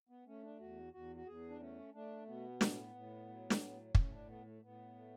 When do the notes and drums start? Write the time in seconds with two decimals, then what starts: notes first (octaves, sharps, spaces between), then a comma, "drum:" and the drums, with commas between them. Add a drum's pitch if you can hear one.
0.09 B3
0.27 A3 C#4
0.43 D4
0.60 E2 F#4
0.93 E2 F#4
1.16 F#4
1.26 E2 G#4
1.49 D4
1.60 A3 C#4
1.94 A3 D4
2.27 B2 B3
2.61 A2, drum: snare
2.95 A2
3.29 F#3
3.50 drum: snare
3.62 A2
3.95 A2 C#4, drum: kick
4.12 D4
4.28 A3 B3
4.46 A3
4.63 A2 B3
4.96 A3